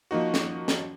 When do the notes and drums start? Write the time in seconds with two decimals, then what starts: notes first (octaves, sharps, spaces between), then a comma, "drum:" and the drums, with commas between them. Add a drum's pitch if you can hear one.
0.11 F3 A#3 D#4 F#4
0.34 drum: snare
0.68 drum: snare